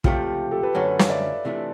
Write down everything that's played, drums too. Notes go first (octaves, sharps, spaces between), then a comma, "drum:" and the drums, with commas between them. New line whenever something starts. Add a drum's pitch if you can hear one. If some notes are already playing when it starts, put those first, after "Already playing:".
C#2 C3 F3 A3 F4 G4, drum: kick
G4 A4
A4 B4
F#2 D3 F#3 A3 C#4
F5, drum: snare
D5 E5
C3 E3 A3 D4 F4